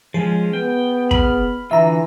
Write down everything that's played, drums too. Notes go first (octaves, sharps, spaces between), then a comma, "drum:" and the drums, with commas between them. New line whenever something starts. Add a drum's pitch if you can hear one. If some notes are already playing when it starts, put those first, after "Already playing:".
F3 G#3 C#4 G#4
B3 G5
B5 F6, drum: kick
D3 E3 F4 E5 A#5